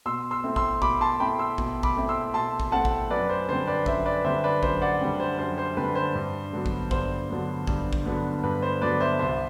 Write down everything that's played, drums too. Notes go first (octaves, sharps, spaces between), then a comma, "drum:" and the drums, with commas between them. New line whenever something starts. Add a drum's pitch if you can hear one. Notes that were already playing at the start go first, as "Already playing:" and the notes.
B2 C6 E6
C6 E6
A3 C4 E4
C6 E6, drum: kick A1
B2 B5 D6, drum: kick A1
A5 C6
A3 C4 E4 G5 B5
C6 E6
B2, drum: kick A1
B5 D6, drum: kick A1
A3 C4 E4
C6 E6
B2 A5 C6
drum: kick A1
A3 C4 E4 F#5 A5
drum: kick A1
F#2 B4 D5
C5
D3 G3 C4 C5
B4 D5
F#2 C5 E5, drum: kick A1
B4 D5
D3 G3 C4 C5 E5
B4 D5
F#2 C5, drum: kick A1
D5 F#5
D3 G3 C4
C5
F#2 C5
C5
D3 G3 C4 B4
C5
G2
D3 F#3 B3
drum: kick A1
G2 C5, drum: kick A1
D3 F#3 B3
G2, drum: kick A1
drum: kick A1
D3 F#3 B3
G2 B4
C5
D3 F#3 B3 B4 D5
C5 E5
C2 C5 E5